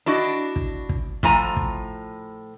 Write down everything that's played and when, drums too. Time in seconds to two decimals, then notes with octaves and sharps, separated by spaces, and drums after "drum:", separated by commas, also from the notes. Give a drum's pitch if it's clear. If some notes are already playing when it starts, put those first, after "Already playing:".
0.06 D4 E4 F#4 D#5
0.56 drum: kick
0.89 drum: kick
1.23 A2 F3 G#5 A#5, drum: kick
1.57 drum: kick